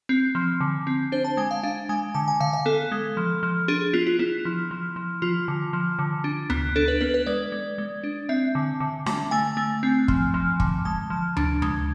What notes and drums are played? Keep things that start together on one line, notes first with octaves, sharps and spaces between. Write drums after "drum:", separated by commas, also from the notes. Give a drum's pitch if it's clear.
C4
F3
D3
C4
D4 C5
A5
G#3 G#5
F5
D4 F5
G#3 G#5
D3 A5
G#5
D3 F5
F5
B3 A4
G#3
F3
F3
D4 G#4
B3 F4
F4
B3 E4
F3
F3
F3
F3 F4
D3
F3
D3
D4
B3, drum: tom D2
D4 A4
B4
B3 B4
B4
G#3 D5
G#3
G#3
D4
C4 E5
D3
D3
D3, drum: snare
A3 G#5
A3
C4
F3, drum: kick
F3
D3, drum: kick
G#3 A5
F3
D4, drum: tom D2
G#3, drum: tom D2